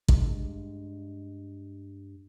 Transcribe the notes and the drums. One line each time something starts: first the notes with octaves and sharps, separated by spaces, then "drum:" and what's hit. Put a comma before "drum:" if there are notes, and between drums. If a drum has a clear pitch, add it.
G2 G#3, drum: kick